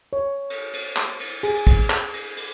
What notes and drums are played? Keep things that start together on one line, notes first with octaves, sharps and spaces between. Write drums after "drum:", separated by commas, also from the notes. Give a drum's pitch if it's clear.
C#5
drum: cymbal
drum: cymbal
drum: clap
drum: cymbal
G#4, drum: cymbal
drum: kick, cymbal
drum: clap
drum: cymbal
drum: cymbal